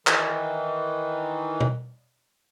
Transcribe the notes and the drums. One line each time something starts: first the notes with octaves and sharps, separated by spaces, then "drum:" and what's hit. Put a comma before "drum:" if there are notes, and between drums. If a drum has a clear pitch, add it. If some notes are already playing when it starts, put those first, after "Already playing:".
D#3 E3, drum: clap
drum: tom